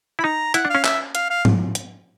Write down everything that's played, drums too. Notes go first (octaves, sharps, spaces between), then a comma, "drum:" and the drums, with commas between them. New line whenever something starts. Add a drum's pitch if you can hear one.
E4 B5
D#4 A#5
E4 F#5, drum: hi-hat
D4
C#4 F5
E5, drum: clap
F5, drum: hi-hat
F5
drum: tom
drum: hi-hat